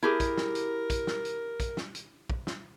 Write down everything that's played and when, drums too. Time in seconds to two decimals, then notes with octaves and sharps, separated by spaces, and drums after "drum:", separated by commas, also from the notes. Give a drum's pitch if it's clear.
0.03 E4 G4 G#4 A#4
0.20 drum: kick, hi-hat
0.37 drum: snare
0.55 drum: hi-hat
0.90 drum: kick, hi-hat
1.07 drum: snare
1.25 drum: hi-hat
1.60 drum: kick, hi-hat
1.77 drum: snare
1.95 drum: hi-hat
2.30 drum: kick
2.47 drum: snare